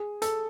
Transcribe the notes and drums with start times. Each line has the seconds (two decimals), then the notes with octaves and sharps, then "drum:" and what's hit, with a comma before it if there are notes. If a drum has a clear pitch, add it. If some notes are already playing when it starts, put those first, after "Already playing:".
Already playing: G#4
0.22 A4, drum: hi-hat